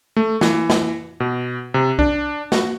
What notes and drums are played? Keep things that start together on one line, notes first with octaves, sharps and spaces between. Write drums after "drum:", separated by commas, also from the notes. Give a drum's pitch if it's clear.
A3
E3, drum: snare
drum: snare
B2
C3
D4, drum: kick C2
F#4, drum: snare